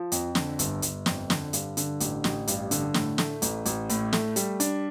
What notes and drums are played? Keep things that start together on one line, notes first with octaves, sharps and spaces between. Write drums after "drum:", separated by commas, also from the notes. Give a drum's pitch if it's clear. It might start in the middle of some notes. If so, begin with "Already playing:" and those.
Already playing: F3
F2, drum: hi-hat
D3, drum: snare
G1, drum: hi-hat
G1, drum: hi-hat
F2, drum: snare
D3, drum: snare
G2, drum: hi-hat
D3, drum: hi-hat
A1, drum: hi-hat
A1, drum: snare
G2, drum: hi-hat
D3, drum: hi-hat
A2, drum: snare
A3, drum: snare
A1, drum: hi-hat
A1, drum: hi-hat
A2, drum: hi-hat
A3, drum: snare
G3, drum: hi-hat
D4, drum: hi-hat